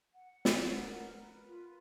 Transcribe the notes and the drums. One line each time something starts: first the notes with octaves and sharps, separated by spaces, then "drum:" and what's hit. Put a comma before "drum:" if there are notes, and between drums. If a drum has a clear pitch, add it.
F#5
drum: snare
A#4
B4
F4